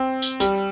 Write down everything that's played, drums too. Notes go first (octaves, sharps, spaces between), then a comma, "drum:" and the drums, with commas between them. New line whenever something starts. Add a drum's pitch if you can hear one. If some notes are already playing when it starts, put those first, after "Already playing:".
Already playing: C4
drum: tambourine
G3, drum: tambourine